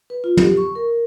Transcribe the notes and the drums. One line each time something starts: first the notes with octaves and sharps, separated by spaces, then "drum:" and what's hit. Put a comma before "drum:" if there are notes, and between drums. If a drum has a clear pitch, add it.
B4
F4
G4, drum: tom
C#6
A#4